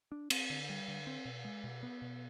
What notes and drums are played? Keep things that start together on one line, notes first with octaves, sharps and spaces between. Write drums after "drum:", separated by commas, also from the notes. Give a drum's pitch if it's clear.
D4
C4, drum: cymbal
D3
G3
D3
C4
B2
G#3
B2
B3
B2